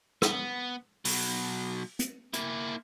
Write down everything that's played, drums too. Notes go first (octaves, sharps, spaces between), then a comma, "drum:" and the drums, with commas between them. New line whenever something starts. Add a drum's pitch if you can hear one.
B3, drum: rim click
B2 F#3, drum: open hi-hat
drum: hi-hat
A#3 E4, drum: hi-hat